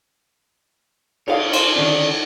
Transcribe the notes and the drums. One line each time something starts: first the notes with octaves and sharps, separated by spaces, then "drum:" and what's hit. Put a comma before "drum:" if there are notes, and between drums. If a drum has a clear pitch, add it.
C#5 F5, drum: cymbal
C5, drum: cymbal
D3 D#3 C#4 D4